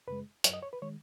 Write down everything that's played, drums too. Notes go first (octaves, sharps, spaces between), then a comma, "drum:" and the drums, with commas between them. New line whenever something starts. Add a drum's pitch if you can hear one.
F#2 C#3 G#3 B4
F#2 F#3 C#5, drum: hi-hat
D#5
C#5
B4
D#3 G#3 C#5